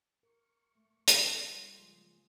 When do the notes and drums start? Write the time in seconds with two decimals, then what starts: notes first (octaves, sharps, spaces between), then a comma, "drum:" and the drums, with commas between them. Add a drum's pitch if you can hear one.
0.23 A#4 C#6
0.75 A3
1.08 C3 E3 F4 C5 C6, drum: hi-hat
1.38 C#3 G3
1.78 F3 G#3 A#3 G#4